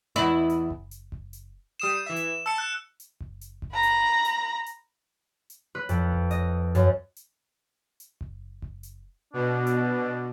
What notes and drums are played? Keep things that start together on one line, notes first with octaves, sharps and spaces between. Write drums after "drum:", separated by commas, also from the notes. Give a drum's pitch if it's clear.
E2 E4
drum: hi-hat
drum: kick F#1
drum: hi-hat
drum: kick F#1
drum: hi-hat
G3 D#6 C7 E7
E3 E5
drum: hi-hat
A5 E6 C#7
F#6
drum: hi-hat
drum: kick F#1
drum: hi-hat
drum: kick F#1
A#5 B5
drum: hi-hat
drum: hi-hat
drum: hi-hat
drum: hi-hat
B4
F2, drum: hi-hat
drum: kick F#1
D#5, drum: hi-hat
F#2, drum: hi-hat
drum: hi-hat
drum: hi-hat
drum: kick F#1
drum: kick F#1
drum: hi-hat
B2 D4
drum: hi-hat